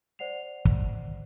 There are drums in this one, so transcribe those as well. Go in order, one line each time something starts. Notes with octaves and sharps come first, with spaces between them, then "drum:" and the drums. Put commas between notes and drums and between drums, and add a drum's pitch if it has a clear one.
C5 D5 F#5 C7 F7
drum: kick